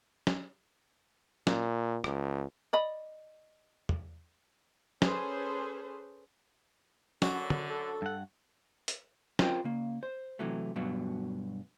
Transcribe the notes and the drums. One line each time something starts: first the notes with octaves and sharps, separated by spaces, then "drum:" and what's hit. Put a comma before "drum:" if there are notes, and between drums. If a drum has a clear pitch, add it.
drum: snare
A#2, drum: snare
C#2, drum: rim click
D5 D#5 B5
drum: tom
C#4 G#4 A4 B4 C5, drum: snare
F#2 D3 F#4, drum: snare
drum: tom
A4
G2 F#5
drum: hi-hat
C4 F4 A#4 C5 G5, drum: snare
C#3 A#3
C5
C3 E3 F#3 A3
G2 B2 F#3 B3